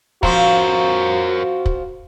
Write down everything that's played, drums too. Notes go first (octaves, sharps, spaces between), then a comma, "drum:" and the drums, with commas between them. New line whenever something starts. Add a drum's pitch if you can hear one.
F3 C4 F#4 A#4 C#5 F5, drum: kick
drum: kick